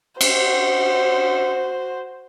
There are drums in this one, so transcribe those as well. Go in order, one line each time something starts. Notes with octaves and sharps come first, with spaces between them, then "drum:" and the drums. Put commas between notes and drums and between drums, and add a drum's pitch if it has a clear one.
F#4 C5, drum: cymbal